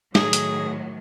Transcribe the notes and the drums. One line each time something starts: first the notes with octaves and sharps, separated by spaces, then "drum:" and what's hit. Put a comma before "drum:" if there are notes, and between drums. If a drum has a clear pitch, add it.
A2 D#3 F#3 G#4, drum: snare
drum: hi-hat